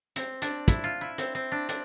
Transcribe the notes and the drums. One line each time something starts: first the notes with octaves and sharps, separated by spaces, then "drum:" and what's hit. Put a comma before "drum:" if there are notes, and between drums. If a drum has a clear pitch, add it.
C4, drum: hi-hat
D4, drum: hi-hat
E4, drum: kick, hi-hat
F4
E4
C4, drum: hi-hat
C4
D4
D4, drum: hi-hat